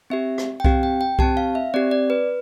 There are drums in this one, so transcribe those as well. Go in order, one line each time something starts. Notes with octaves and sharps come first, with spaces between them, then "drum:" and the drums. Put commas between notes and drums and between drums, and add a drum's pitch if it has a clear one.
C4 G4 E5
drum: rim click
G5
C4 G4 F5, drum: kick C2
G5
G5
C4 G4 A5, drum: kick C2
F5
E5
C4 G4 D5
D5
B4